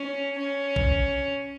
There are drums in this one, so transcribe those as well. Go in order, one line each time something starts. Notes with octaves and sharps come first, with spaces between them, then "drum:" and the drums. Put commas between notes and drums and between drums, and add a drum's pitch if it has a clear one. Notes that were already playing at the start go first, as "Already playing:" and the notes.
Already playing: C#4
C#4
drum: kick A1